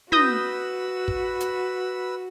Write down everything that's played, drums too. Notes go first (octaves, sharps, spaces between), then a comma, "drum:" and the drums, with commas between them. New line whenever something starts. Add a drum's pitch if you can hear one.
F#4 B4 B5 D#6 E6 G6 A#6, drum: tom
drum: kick
drum: hi-hat